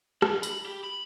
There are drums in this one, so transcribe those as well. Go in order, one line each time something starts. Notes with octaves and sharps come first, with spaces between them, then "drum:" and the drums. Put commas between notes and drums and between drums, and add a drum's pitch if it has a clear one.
D4 A#4, drum: rim click
B5, drum: tambourine
G4
B5